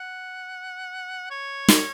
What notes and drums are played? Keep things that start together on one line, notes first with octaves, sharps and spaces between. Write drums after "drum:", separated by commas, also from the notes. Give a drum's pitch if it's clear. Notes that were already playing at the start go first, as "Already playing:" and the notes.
Already playing: F#5
C#5
drum: snare